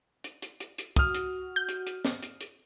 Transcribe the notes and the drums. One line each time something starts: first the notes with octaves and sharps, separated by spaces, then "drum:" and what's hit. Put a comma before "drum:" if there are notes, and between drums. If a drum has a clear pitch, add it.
drum: hi-hat
drum: hi-hat
drum: hi-hat
drum: hi-hat
F#4 D#6 F6, drum: kick
drum: hi-hat
G6
drum: hi-hat
drum: hi-hat
drum: snare
drum: hi-hat
drum: hi-hat